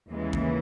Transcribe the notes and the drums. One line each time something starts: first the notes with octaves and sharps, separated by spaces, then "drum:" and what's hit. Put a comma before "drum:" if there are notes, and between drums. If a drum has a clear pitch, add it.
D#2 C#3 E3 G#3
drum: kick